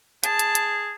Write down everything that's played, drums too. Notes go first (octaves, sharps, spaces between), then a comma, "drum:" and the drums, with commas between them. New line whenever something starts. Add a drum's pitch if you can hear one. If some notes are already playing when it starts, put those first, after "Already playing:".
G#4 A5, drum: hi-hat
drum: hi-hat
drum: hi-hat